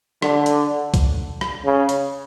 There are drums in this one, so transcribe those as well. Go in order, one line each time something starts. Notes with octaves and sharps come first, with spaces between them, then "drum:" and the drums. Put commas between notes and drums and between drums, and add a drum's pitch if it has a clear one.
D3, drum: rim click
drum: hi-hat
drum: kick C2, hi-hat
drum: rim click
C#3
drum: hi-hat